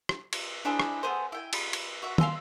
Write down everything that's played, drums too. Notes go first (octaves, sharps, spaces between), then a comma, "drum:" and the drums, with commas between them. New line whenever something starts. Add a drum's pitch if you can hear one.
drum: rim click
drum: cymbal
D4 E4 G#4 C5
drum: rim click
A3 B3 G#4 C5
E4 G5 G#5
B5, drum: cymbal
drum: cymbal
F#4 E5
F5 G#5 C6 E6, drum: tom